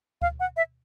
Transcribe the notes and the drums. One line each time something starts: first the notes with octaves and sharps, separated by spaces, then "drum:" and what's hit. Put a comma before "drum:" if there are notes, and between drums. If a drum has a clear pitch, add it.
F5, drum: kick D2
F#5
E5